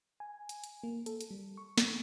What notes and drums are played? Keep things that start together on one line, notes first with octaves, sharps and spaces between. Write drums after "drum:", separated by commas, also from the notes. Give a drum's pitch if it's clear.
G#5
drum: hi-hat
drum: hi-hat
A#3
A4, drum: hi-hat
drum: hi-hat
G3
C#6
drum: snare